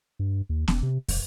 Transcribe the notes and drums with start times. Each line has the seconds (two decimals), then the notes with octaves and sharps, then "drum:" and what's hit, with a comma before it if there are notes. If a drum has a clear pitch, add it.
0.19 G2
0.49 D#2
0.68 E1, drum: snare B3
0.83 C3
1.08 E1, drum: kick, open hi-hat